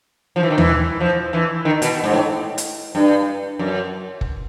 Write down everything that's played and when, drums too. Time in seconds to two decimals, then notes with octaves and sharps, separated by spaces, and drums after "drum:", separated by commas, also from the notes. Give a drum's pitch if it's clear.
0.36 F3
0.43 E3
0.50 D#3
0.58 E3, drum: tom D#2
1.00 F3
1.33 E3
1.65 D#3
1.82 B2, drum: hi-hat
2.04 G#2
2.14 A2
2.58 drum: hi-hat
2.95 G2
3.59 F#2
4.21 drum: kick